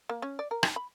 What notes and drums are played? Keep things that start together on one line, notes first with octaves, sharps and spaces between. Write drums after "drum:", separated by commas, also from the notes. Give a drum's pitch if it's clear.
A#3
C#4
D5
A#4
D#4, drum: rim click
B5